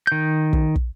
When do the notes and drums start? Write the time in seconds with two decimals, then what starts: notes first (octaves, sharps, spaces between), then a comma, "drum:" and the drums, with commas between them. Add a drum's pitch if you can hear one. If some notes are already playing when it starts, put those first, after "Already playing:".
0.07 D#3 G6
0.53 drum: kick
0.76 drum: kick